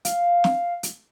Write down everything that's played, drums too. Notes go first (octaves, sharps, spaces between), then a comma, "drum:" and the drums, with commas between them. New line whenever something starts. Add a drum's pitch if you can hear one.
F5, drum: hi-hat
drum: snare
drum: hi-hat